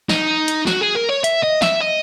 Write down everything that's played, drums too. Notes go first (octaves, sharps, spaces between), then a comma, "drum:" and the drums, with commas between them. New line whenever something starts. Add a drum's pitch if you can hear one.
D#4, drum: snare
drum: hi-hat
F#4, drum: snare
G#4
A#4
C#5
E5, drum: hi-hat
D#5
E5, drum: snare
D#5